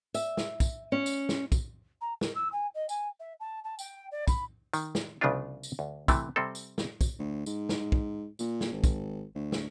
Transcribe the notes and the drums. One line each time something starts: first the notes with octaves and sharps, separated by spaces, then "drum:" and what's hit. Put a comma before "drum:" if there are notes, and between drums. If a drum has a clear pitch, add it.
E5, drum: tambourine
drum: snare
drum: kick, tambourine
C#4
drum: tambourine
drum: snare
drum: kick, tambourine
A#5
A#4, drum: snare
E6
G#5
D#5
G#5, drum: tambourine
E5
A5
A5
G5, drum: tambourine
D5
B5, drum: kick, tambourine
D#3, drum: tambourine
drum: snare
C2 C#3 F3 B3 D4 F4
drum: tambourine
D2
C3 E3 A3, drum: kick, tambourine
C3 G3 C4 A4
drum: tambourine
drum: snare
drum: kick, tambourine
D2
G#2, drum: tambourine
drum: snare
drum: kick
A#2, drum: tambourine
drum: snare
G#1
drum: kick, tambourine
D2
drum: snare